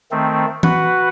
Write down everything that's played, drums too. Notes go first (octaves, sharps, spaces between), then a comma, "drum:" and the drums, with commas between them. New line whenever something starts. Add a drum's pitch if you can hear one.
D#3 A3 C4
F#4 B4 F#5, drum: tom E3